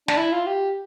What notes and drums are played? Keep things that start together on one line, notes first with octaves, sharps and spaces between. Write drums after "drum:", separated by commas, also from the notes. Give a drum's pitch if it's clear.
D4, drum: snare
E4
F4
G4